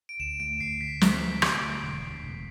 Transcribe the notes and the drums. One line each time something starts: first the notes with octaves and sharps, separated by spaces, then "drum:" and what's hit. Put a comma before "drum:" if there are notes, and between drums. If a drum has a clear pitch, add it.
D7
D2 E7
A3 D7
D2 C7
D3 B6
D2 B6, drum: snare
D3
A3, drum: rim click
D3
E1
D2
E1